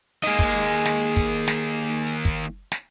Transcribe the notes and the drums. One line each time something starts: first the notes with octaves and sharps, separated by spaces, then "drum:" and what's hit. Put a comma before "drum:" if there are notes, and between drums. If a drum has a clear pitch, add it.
D#3 A#3 G#4 D#5
drum: kick
drum: snare
drum: kick
drum: snare
drum: kick
drum: snare